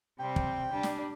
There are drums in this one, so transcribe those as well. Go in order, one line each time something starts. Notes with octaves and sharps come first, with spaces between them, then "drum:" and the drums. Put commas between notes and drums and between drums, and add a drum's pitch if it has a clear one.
C3 G3 C4 G5
drum: kick
G3 D4
drum: snare